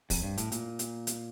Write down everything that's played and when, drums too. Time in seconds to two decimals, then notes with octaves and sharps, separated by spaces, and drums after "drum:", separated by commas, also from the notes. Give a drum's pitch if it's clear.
0.10 F2, drum: kick, open hi-hat
0.23 G2
0.38 A2, drum: hi-hat
0.52 A#2, drum: hi-hat
0.79 drum: hi-hat
1.07 drum: hi-hat